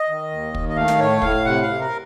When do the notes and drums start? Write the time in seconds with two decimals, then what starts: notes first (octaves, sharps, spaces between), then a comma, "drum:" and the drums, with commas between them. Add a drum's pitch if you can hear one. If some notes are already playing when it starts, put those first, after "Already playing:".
Already playing: D#5
0.09 D#3
0.31 D#2
0.55 D#3, drum: kick
0.69 D#5
0.76 A3 F5
0.88 drum: snare
0.99 A2 C#5
1.22 A2 F5, drum: kick
1.45 C3 F#5
1.62 F5
1.68 C3
1.80 A#4